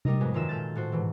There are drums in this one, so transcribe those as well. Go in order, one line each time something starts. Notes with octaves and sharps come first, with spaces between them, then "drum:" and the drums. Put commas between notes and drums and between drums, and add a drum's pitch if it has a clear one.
G3 A#4 D#5, drum: tom C3
F2 G#2 G#3 B3
F#2 D#3 F4 A#4 E5 E7
A#2 A4 F6 G6 A6
A2 F#4 C5
G#2 B2 E3